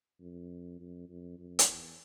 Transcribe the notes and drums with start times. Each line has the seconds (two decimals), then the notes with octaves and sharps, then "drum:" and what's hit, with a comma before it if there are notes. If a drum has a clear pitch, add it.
0.20 F2
0.80 F2
1.09 F2
1.39 F2
1.59 drum: hi-hat
1.68 E2